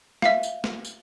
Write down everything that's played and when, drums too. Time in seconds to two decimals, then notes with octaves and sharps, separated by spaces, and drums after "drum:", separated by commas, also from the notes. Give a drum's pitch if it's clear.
0.22 E5 F5, drum: snare
0.43 drum: tambourine
0.64 drum: snare
0.85 drum: tambourine